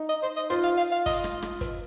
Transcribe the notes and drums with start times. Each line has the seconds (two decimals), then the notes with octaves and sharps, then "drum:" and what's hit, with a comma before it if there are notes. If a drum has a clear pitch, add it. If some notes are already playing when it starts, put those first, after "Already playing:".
Already playing: D#4
0.09 D#5
0.23 C5
0.36 D#5
0.50 F4 C5, drum: hi-hat
0.64 F5
0.77 F5
0.92 F5
1.06 D#5, drum: kick, open hi-hat
1.24 drum: rim click
1.42 drum: rim click
1.61 drum: kick, hi-hat